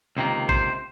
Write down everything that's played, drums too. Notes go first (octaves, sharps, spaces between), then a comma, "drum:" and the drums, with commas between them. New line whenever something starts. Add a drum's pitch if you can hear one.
C#2 C3 D#3 A#3
C5, drum: kick